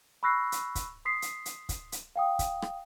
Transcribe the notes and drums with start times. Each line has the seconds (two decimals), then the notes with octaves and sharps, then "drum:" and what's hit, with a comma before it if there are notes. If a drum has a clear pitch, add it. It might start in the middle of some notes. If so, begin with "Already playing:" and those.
0.23 B5 C#6 E6 F#6 A#6 C7
0.52 drum: hi-hat
0.75 drum: kick, hi-hat
1.05 C6 D#6 B6 C7
1.22 drum: hi-hat
1.45 drum: hi-hat
1.69 drum: kick, hi-hat
1.92 drum: hi-hat
2.16 F5 G5 D#6
2.39 drum: kick, hi-hat
2.62 drum: rim click